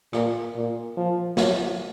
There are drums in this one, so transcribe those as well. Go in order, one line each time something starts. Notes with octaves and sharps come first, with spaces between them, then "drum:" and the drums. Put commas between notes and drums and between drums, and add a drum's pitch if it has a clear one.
A#2, drum: rim click
A#2
F3
F#3, drum: snare